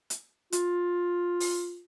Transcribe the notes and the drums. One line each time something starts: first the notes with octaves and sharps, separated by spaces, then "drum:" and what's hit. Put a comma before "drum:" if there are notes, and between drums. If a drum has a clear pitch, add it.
drum: hi-hat
F4, drum: hi-hat
drum: open hi-hat